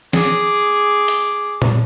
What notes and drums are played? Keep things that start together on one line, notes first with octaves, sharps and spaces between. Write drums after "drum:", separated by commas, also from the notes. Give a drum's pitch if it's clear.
G#4 D6, drum: snare
drum: hi-hat
drum: tom A#2